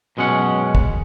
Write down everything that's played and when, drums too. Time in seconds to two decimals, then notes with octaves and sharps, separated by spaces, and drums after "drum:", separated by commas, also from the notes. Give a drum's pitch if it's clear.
0.17 F#2 B2 G#3 C#4 F#5
0.75 drum: kick